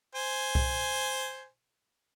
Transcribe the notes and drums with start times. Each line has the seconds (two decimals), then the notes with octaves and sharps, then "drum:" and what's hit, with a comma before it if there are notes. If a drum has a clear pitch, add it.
0.15 C5 G#5
0.55 drum: kick C2